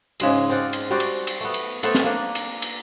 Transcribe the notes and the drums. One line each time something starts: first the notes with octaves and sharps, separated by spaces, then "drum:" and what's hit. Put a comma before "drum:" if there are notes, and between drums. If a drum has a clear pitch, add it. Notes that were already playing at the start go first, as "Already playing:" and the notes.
G#2 C#3 G#3 E5, drum: cymbal
C4 F4 D5 F#5
drum: cymbal
G3 C4 F#4 D5
drum: cymbal
drum: cymbal
A3 B3
drum: cymbal
A3 B3 A4 C5, drum: cymbal
drum: snare
A#3 D4
drum: cymbal
drum: cymbal